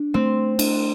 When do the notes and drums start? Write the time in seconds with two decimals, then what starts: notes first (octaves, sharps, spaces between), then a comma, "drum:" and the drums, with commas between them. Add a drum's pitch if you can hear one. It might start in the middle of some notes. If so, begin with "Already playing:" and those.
Already playing: D4
0.14 A3 C4
0.59 D4, drum: cymbal